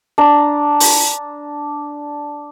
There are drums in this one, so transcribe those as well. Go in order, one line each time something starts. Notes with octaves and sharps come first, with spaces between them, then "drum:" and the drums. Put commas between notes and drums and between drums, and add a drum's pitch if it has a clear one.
D4 A#5
drum: open hi-hat